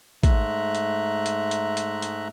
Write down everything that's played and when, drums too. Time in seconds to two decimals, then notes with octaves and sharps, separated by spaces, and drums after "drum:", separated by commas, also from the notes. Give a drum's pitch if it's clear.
0.23 G#2 G#3 A3 E5 A#5 F#6, drum: kick, hi-hat
0.75 drum: hi-hat
1.26 drum: hi-hat
1.51 drum: hi-hat
1.77 drum: hi-hat
2.02 drum: hi-hat